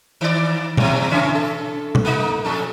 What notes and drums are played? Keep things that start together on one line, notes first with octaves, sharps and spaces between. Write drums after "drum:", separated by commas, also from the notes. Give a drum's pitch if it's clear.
D#3 D5
E2 B2, drum: tom B2
C#3 E3 C#4
A4
drum: tom B2
A#3 D#4
F2 A4